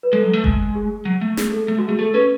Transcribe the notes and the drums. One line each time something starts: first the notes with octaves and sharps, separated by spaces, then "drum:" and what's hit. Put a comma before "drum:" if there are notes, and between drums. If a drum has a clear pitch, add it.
B4
G#3 A4
F#3
A3
G#3, drum: kick F#1
G#4
F#3
A3
G#4, drum: snare
A4
A3
G#3 F#4
A3 G#4
A3 A4
C#4 B4